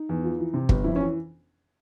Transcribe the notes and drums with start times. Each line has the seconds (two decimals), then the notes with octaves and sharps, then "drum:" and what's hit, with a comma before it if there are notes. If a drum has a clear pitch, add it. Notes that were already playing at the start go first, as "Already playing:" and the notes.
Already playing: D#4
0.09 E2
0.24 F3
0.39 E3
0.54 C3
0.69 G1, drum: kick
0.84 F2 E4
0.96 C#4
0.99 E3